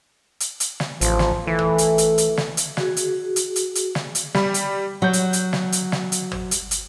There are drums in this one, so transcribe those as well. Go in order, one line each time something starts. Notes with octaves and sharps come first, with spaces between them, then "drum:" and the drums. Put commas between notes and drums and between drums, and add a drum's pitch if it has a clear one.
drum: hi-hat
drum: hi-hat
drum: snare
A1 F3, drum: hi-hat
drum: snare
E3 A3
drum: tom G#1
drum: hi-hat
drum: hi-hat
drum: hi-hat
drum: snare
drum: hi-hat
F#4 G#4, drum: snare
drum: hi-hat
drum: hi-hat
drum: hi-hat
drum: hi-hat
drum: snare
drum: hi-hat
G3 B5, drum: snare
drum: hi-hat
F#3 F#5 G6
drum: hi-hat
drum: hi-hat
drum: snare
drum: hi-hat
drum: snare
drum: hi-hat
drum: tom G#1
drum: hi-hat
drum: hi-hat